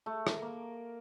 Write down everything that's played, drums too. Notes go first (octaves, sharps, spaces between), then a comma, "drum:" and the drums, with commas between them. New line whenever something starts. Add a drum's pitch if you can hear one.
A3
A#4, drum: rim click
A#3